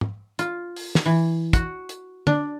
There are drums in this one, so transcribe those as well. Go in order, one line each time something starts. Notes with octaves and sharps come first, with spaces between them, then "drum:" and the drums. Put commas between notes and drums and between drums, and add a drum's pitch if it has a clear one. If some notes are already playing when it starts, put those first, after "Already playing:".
drum: tom
F4, drum: hi-hat
drum: open hi-hat
drum: snare
E3
F#4, drum: kick, hi-hat
drum: hi-hat
D4, drum: tom